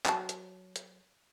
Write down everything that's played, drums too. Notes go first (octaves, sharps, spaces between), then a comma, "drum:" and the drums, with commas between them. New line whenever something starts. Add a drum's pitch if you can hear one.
F#3 A5, drum: clap
drum: hi-hat
drum: hi-hat